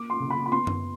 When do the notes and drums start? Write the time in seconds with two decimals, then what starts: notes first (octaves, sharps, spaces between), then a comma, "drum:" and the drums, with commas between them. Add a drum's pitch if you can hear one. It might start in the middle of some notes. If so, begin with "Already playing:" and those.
Already playing: A#3 D6
0.10 C6
0.20 C#3
0.30 B5
0.46 B5
0.52 B3 C6
0.67 drum: tom F#2